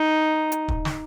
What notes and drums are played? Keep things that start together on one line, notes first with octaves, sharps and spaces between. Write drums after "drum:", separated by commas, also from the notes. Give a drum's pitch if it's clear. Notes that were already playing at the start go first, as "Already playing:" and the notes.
Already playing: D#4
drum: hi-hat
drum: kick
drum: snare